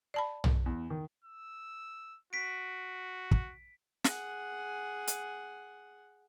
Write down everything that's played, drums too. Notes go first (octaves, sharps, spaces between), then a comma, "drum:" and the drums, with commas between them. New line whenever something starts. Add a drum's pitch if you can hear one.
D5 A5 B5
drum: tom
E2
D#3
E6
F#4 B6 D7
drum: kick
G#4 F#5, drum: snare
drum: hi-hat